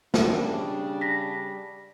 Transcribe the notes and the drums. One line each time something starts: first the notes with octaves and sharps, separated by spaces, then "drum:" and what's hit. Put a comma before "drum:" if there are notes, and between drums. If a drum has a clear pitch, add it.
C#3 G3 D4, drum: snare
A#6 B6